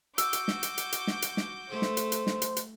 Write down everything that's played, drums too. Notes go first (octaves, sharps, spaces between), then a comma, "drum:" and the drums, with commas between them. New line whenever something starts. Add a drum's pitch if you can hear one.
F#4 D6 E6 G6, drum: hi-hat
drum: hi-hat
drum: snare
drum: hi-hat
drum: hi-hat
drum: hi-hat
drum: snare
drum: hi-hat
drum: snare
A3 A4 C5
drum: snare
drum: hi-hat
drum: hi-hat
drum: snare
drum: hi-hat
drum: hi-hat